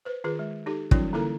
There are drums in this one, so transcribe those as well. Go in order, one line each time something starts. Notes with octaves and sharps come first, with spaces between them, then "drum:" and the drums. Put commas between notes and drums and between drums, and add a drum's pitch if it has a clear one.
B4 C5
D#3 F4 G#4 B4
G#3
D#4 G4 A4
E3 F#3 G3 C#4 D#4 F4, drum: kick
D3 A#3 E4 A4 A#4 A#5